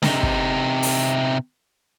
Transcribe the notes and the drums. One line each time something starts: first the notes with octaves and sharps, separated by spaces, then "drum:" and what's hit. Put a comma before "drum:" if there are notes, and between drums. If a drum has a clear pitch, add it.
C3 D#4, drum: snare
drum: kick
drum: open hi-hat